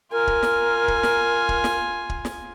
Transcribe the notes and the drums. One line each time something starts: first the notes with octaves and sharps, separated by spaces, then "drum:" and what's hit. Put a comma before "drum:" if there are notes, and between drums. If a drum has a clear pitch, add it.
F4 A#4 G#5
drum: kick
drum: snare
drum: kick
drum: snare
drum: kick
drum: snare
drum: kick
drum: snare